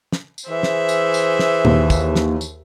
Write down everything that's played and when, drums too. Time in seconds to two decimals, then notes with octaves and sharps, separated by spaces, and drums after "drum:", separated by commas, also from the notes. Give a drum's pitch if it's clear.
0.13 drum: snare
0.38 drum: tambourine
0.49 E3 G#4 C5 E5
0.63 drum: snare
0.89 drum: tambourine
1.14 drum: tambourine
1.39 drum: snare
1.65 D#2, drum: tom A#2
1.90 drum: kick, tambourine
2.16 drum: snare
2.41 drum: tambourine